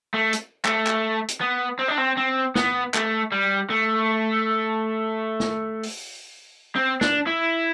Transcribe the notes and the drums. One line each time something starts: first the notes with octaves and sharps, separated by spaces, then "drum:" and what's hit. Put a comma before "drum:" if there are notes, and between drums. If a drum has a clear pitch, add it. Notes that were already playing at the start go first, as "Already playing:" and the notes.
A3
drum: hi-hat
A3, drum: clap
drum: clap
drum: hi-hat
B3
C4
D4
C4
C4
B3, drum: snare
A3, drum: clap
G3
A3
drum: snare
drum: open hi-hat
C4
D4, drum: snare
E4